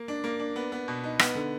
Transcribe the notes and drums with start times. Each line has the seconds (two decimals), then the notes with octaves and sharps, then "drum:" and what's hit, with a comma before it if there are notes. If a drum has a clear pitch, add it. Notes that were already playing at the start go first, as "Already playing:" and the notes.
Already playing: A#3
0.08 D4
0.24 A#3
0.40 D4
0.56 B3
0.72 B3
0.88 B2
1.04 D#4
1.19 B3, drum: rim click
1.35 D3